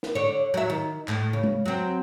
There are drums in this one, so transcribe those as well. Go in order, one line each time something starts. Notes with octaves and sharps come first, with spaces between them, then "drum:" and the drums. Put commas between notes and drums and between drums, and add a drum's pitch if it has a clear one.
drum: snare
D3 C#5
F#3 E5
D#3
A2, drum: clap
C#3
drum: tom G#3
F#3 C4